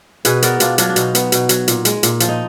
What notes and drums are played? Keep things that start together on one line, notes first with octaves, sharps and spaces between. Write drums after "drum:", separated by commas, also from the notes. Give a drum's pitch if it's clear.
B2 G#4 B4, drum: hi-hat
B3 A#4 D5, drum: hi-hat
B2 D4 F4, drum: hi-hat
F#3 D4 F4, drum: hi-hat
D4
B2 D#4, drum: hi-hat
B3, drum: hi-hat
B2, drum: hi-hat
F#3, drum: hi-hat
A#2, drum: hi-hat
G#3, drum: hi-hat
A#2, drum: hi-hat
F3, drum: hi-hat
D#4